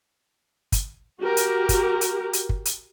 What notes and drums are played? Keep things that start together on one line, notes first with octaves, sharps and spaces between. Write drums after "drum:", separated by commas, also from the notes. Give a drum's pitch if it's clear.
drum: kick, hi-hat
F#4 G4 A#4
drum: hi-hat
drum: kick, hi-hat
drum: hi-hat
drum: hi-hat
drum: kick
drum: hi-hat